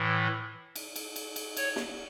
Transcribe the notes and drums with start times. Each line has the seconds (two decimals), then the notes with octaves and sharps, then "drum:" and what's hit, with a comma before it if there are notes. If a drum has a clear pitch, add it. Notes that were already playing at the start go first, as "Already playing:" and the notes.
Already playing: A2 E3
0.76 drum: cymbal
0.96 drum: cymbal
1.16 drum: cymbal
1.36 drum: cymbal
1.57 C#5, drum: cymbal
1.76 drum: snare